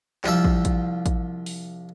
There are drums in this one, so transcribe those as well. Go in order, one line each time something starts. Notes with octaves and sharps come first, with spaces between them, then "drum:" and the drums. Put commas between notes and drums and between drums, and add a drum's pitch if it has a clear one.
C2 F3 F4 E5, drum: clap
drum: kick
drum: kick, hi-hat
drum: kick, hi-hat
drum: open hi-hat